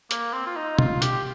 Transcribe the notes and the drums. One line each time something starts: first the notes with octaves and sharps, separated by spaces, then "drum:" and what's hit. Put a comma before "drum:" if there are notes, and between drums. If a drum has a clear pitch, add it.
A#3, drum: hi-hat
C4
F4
D#4
F4, drum: tom B2
G4, drum: hi-hat